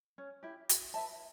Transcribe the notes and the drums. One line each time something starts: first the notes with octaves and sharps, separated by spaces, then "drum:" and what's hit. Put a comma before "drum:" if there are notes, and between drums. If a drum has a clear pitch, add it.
C#4
E4 G4
F#4, drum: hi-hat
B4 E5 A5